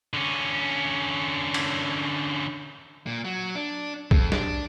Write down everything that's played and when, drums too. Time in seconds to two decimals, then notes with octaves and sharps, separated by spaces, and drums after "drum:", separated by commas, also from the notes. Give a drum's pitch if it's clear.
0.14 D3 C#4
1.54 drum: cymbal
3.06 A#2
3.24 F#3
3.55 D4
4.11 F2, drum: kick B1
4.32 D4, drum: snare